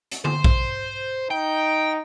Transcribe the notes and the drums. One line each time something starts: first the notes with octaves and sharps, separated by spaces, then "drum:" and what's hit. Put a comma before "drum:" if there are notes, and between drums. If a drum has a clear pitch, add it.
drum: hi-hat
C5, drum: tom D3
drum: kick A#1
D#4 G5